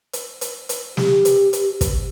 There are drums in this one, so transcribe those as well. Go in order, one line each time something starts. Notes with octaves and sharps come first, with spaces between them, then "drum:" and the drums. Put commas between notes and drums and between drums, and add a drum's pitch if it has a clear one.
drum: hi-hat
drum: hi-hat
drum: hi-hat
G4, drum: snare
drum: hi-hat
drum: hi-hat
drum: kick, hi-hat